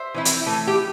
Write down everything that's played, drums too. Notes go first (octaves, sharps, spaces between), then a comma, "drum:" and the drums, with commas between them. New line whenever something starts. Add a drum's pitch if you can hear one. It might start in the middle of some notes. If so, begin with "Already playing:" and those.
Already playing: C5 E5
E3 C4 E4
drum: hi-hat
E3 A3
G4